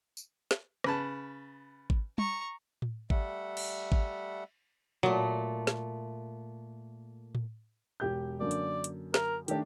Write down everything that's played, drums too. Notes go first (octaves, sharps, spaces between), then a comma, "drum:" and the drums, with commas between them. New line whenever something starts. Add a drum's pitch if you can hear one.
drum: tambourine
drum: snare
C#3 B4 A5, drum: rim click
drum: kick G#1
A#5 C#6, drum: tom
drum: tom A2
G3 A3 E5 F#5, drum: kick G#1
drum: cymbal
drum: kick G#1
A#2 F#3 A3, drum: tom A2
drum: snare
drum: tom A2
E1 G4 G6
F#2 D3 A#3 D5
drum: hi-hat
drum: hi-hat
A#4, drum: snare
D#3 A3 D4 G4, drum: hi-hat